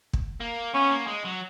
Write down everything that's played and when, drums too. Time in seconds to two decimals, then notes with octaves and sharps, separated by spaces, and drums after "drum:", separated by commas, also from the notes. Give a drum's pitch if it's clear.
0.13 drum: kick
0.41 A#3
0.74 B3 C#4
0.91 A#3
1.08 G#3
1.25 F#3